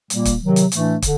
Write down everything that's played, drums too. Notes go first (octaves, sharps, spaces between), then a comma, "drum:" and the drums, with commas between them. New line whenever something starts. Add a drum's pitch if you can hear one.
A#2 G3 A#3, drum: hi-hat
drum: kick, hi-hat
C3 D#3 F#3
drum: hi-hat
A2 E3 A3 D4, drum: hi-hat
D3, drum: kick, hi-hat